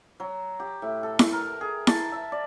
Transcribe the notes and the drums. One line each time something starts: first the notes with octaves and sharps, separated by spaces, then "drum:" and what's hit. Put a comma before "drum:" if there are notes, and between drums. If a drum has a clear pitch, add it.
F#3
G4
A2
A4
drum: snare E4
A#4
G#4
A5, drum: snare E4
E5
D5